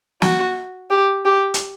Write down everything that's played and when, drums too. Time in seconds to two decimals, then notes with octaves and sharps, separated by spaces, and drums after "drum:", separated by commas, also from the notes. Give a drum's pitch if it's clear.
0.22 F#4, drum: snare
0.91 G4
1.25 G4
1.54 drum: hi-hat